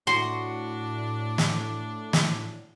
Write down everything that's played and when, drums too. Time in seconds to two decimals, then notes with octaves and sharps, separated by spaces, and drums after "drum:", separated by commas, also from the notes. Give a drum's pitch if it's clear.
0.07 A2 D4 F#4 C6
1.38 drum: snare
2.13 drum: snare